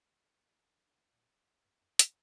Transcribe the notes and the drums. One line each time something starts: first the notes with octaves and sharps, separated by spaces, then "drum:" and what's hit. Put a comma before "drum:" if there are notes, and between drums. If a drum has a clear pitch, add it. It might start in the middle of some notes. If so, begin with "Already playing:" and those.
D4 E4
A#2
G2 C4 D4
F#2
drum: hi-hat